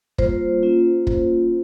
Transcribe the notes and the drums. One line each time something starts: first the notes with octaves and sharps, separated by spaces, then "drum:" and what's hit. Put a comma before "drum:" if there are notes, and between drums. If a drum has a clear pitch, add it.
G3 A#3 F4 C5, drum: kick
A#3 C#4 F4
drum: kick